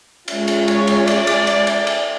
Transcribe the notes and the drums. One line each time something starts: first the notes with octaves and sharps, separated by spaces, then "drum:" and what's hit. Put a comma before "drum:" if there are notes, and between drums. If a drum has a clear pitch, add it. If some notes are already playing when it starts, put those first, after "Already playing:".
G#3 C#4 F4, drum: cymbal
drum: cymbal
C#5, drum: cymbal
drum: cymbal
D5, drum: cymbal
drum: cymbal
drum: cymbal
drum: cymbal
drum: cymbal